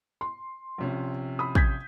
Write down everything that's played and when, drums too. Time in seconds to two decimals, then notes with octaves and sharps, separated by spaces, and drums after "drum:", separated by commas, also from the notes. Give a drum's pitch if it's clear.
0.21 C6
0.78 A#1 C3 C#4
1.39 B5 D#6
1.55 G6 G#6 B6, drum: kick